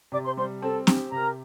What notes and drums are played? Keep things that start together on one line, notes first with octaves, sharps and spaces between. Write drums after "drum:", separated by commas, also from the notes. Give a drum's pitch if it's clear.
C3 D5 D6
C5 C6
G3 C5 C6
C4 A4 A5
G4, drum: snare C4
C3 A#4 A#5